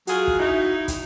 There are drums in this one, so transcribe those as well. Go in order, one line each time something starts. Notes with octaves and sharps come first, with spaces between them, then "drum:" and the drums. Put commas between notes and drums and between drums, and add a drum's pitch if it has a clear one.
F#3 F4 F#4 G#4, drum: hi-hat
drum: kick
D#4 E4
drum: kick, hi-hat